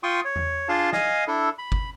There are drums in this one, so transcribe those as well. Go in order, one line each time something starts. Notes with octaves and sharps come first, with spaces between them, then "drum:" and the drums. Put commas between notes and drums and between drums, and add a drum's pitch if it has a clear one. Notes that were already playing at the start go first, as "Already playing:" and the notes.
F4 G5 C6 C#6 D#6
C#5
drum: tom E2
D4 F4 G#4 F5 A5
D#5 F5 G#5 D#6, drum: snare
D4 E4 A4
B5
drum: kick G1